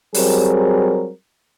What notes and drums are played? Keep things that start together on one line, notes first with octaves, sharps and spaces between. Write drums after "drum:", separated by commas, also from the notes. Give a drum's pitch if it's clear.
F#3 G3 C4 G#4 A#4, drum: open hi-hat